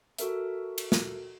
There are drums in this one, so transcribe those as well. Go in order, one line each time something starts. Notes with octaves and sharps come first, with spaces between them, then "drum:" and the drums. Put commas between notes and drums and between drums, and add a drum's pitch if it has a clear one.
F#4 A4 A#4 E5, drum: hi-hat
drum: cymbal
drum: snare